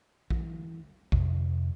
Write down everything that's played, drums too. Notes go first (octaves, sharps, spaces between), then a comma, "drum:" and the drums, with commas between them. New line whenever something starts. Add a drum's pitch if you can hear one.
E3, drum: kick A#1
F2 C3, drum: kick A#1